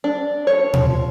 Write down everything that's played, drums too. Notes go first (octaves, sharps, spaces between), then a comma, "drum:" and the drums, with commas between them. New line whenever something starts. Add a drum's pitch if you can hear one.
D4
C#5
F3, drum: tom A#2